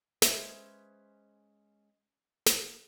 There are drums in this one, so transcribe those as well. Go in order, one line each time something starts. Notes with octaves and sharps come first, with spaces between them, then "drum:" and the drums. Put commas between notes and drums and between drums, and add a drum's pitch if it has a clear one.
G#3 C#4 B4 C5 E5, drum: snare
drum: snare